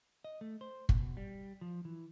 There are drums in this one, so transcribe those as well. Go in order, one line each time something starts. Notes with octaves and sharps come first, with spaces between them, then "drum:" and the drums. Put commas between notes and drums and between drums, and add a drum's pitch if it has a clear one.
D#5
A3
C5
B2, drum: kick
G3
F3
E3